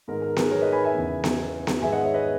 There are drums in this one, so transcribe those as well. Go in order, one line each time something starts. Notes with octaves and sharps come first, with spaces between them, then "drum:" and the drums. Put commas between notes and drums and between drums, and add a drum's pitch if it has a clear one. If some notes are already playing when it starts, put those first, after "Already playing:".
G#2 D#3 G#3 B3 D#4 A#4
A#4
G#4 B4, drum: snare B3
A#4 C#5
B4 D#5
G#5 B5
E5 G#5
E2 C#3 E3 B3
drum: snare B3
drum: snare B3
G#2 D#3 G#3 B3 E5 G#5
D#5 F#5
C#5 E5
B4 D#5